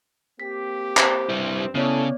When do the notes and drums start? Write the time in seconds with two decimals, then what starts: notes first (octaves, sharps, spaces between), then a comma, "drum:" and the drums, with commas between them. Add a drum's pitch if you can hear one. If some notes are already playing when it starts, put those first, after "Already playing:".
0.40 A#3 C4 G4 B6
0.97 C5, drum: clap
1.29 G2 G3 C4 E4
1.75 C#3 A3 B3 E4 A4 C#5 D5